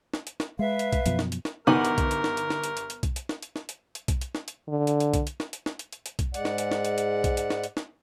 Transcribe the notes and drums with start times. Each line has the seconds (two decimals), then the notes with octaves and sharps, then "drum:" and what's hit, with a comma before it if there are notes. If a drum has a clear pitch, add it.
0.14 drum: snare
0.27 drum: hi-hat
0.40 drum: snare
0.59 G#3 B4 E5 F5
0.79 drum: hi-hat
0.92 drum: kick B1, hi-hat
1.06 F#2 B2 F3, drum: hi-hat
1.19 drum: snare
1.32 drum: hi-hat
1.45 drum: snare
1.67 G1 B3 D#4 A#4 G#5 D6 F#7
1.85 drum: hi-hat
1.98 drum: kick B1, hi-hat
2.11 drum: hi-hat
2.24 drum: snare
2.37 drum: hi-hat
2.50 drum: snare
2.64 drum: hi-hat
2.77 drum: hi-hat
2.90 drum: hi-hat
3.03 drum: kick B1, hi-hat
3.16 drum: hi-hat
3.29 drum: snare
3.42 drum: hi-hat
3.56 drum: snare
3.69 drum: hi-hat
3.95 drum: hi-hat
4.08 drum: kick B1, hi-hat
4.21 drum: hi-hat
4.35 drum: snare
4.48 drum: hi-hat
4.68 D3
4.87 drum: hi-hat
5.00 drum: hi-hat
5.14 drum: kick B1, hi-hat
5.27 drum: hi-hat
5.40 drum: snare
5.53 drum: hi-hat
5.66 drum: snare
5.79 drum: hi-hat
5.92 drum: hi-hat
6.06 drum: hi-hat
6.19 drum: kick B1, hi-hat
6.34 G#2 G#3 D5 F#5, drum: hi-hat
6.45 drum: snare
6.58 drum: hi-hat
6.71 drum: snare
6.85 drum: hi-hat
6.98 drum: hi-hat
7.24 drum: kick B1, hi-hat
7.37 drum: hi-hat
7.50 drum: snare
7.64 drum: hi-hat
7.77 drum: snare